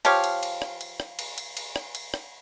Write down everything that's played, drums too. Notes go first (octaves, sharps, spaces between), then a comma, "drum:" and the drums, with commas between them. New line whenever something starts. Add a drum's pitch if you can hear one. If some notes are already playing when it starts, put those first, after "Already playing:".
F3 G4 C#5 F5, drum: cymbal
drum: cymbal
drum: cymbal
drum: rim click
drum: cymbal
drum: rim click
drum: cymbal
drum: cymbal
drum: cymbal
drum: rim click
drum: cymbal
drum: rim click